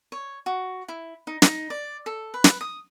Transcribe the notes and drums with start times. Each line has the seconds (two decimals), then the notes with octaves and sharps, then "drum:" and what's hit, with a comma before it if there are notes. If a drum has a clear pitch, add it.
0.12 C#5
0.46 F#4
0.88 E4
1.27 D#4
1.42 D#4, drum: snare
1.70 D5
2.06 A4
2.34 B4
2.44 drum: snare
2.61 D#6